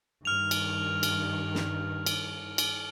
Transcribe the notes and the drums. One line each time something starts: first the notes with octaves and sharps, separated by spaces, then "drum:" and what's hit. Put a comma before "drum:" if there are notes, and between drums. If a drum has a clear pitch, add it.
G2 D#3 F6 F7
drum: cymbal
drum: cymbal
drum: snare
drum: cymbal
drum: cymbal